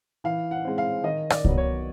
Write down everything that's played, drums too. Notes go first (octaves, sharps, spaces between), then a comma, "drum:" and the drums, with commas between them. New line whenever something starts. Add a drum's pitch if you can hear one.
E3 F5
F#5
G#3 C4
F5
D#3 D#5
D5, drum: rim click
F#3 B3, drum: kick C2
C#5